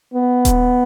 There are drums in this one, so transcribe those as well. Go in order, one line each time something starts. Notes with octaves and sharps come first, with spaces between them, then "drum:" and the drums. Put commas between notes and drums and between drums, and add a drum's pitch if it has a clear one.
B3
drum: kick D#1, hi-hat